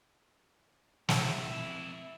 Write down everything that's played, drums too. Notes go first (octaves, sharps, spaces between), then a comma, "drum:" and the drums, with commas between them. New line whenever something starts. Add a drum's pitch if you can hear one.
F2 E4, drum: snare